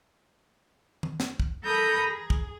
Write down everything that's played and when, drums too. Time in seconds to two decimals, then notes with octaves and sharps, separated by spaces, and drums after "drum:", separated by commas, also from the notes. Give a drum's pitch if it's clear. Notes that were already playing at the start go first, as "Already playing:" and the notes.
1.03 drum: tom D#3
1.20 drum: snare
1.40 drum: kick
1.64 A4 A#4 A#5 B5 D#6 G6
2.08 G#4
2.30 drum: kick